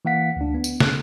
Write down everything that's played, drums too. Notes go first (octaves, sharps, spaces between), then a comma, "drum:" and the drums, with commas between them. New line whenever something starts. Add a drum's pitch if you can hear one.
E3 A#3 F5 F#5 B6
D2 D4
B3
drum: tambourine
F#6, drum: snare